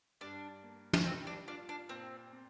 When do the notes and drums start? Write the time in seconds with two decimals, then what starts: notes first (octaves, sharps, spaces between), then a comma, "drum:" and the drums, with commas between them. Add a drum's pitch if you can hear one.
0.21 G2 D4
0.63 A#3
0.93 drum: tom
1.05 G3 C4
1.27 D4
1.47 D4 F4
1.69 D4
1.89 A#2 C4
2.32 C4